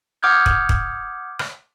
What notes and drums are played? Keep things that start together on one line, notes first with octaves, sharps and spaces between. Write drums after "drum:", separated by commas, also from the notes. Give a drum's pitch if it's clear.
F#5 D6 D#6 F6 G6 G#6
drum: kick
drum: kick
drum: rim click